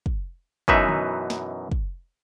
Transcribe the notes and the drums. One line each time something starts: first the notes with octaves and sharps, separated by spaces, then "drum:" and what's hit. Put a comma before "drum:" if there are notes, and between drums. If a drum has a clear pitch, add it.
drum: kick
F#2 B2 E3 D#4 B4 E5, drum: kick
drum: tom D3
drum: snare
drum: kick